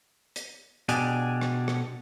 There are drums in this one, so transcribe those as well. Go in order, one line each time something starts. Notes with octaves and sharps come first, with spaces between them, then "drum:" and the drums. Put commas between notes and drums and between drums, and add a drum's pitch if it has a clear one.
drum: hi-hat
B2 D4 G4 G#4, drum: hi-hat
drum: rim click
drum: rim click